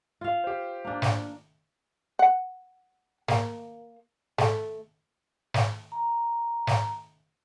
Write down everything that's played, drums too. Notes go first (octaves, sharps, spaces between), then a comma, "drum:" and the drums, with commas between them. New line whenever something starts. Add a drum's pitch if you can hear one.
F4 F5
G4 C5
A#3 D4
drum: snare
F#5
A#3, drum: snare
A3, drum: snare
drum: snare
A#5
drum: snare